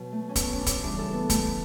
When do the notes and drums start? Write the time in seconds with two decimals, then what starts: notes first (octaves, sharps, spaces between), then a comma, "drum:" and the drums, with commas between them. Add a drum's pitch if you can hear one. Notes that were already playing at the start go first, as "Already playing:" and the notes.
Already playing: B2 F#3
0.12 A3
0.29 C#4
0.36 B3, drum: kick, hi-hat
0.51 C#4
0.59 D4
0.66 C#4, drum: kick, hi-hat
0.82 C#3 E3 G3 D4
0.98 A4
1.13 B3
1.30 A3, drum: kick, hi-hat